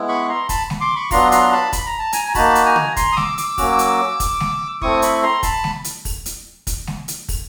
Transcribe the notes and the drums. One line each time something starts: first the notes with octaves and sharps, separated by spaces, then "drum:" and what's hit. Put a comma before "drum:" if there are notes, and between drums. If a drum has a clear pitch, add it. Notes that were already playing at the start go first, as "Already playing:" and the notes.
Already playing: G#3 B3 E4
B5 C#6
A#5 C6
A5 B5, drum: kick, hi-hat
drum: snare G#3
C6 D6
B5 C#6
F#3 B3 D4 F4 A#5 C6, drum: kick, open hi-hat
A#5 C6, drum: hi-hat
A5 B5
B5, drum: kick, hi-hat
A#5
A5
G#5 A#5, drum: hi-hat
A#5
A#3 D#4 F#4 A5 B5, drum: kick, open hi-hat
drum: hi-hat
G#5 A#5
drum: tom C#3
A#5 C6, drum: kick, hi-hat
D#6
D6 E6, drum: snare G#3
D6 E6, drum: hi-hat
F#3 A#3 C#4 F#4, drum: kick, open hi-hat
drum: hi-hat
drum: kick, hi-hat
drum: snare G#3
A3 C4 E4 C#6 D#6, drum: kick
B5 C#6, drum: hi-hat
A#5 C6
A5 B5, drum: kick, hi-hat
drum: snare G#3
drum: hi-hat
drum: kick, open hi-hat
drum: hi-hat
drum: kick, hi-hat
drum: snare G#3
drum: hi-hat
drum: kick, open hi-hat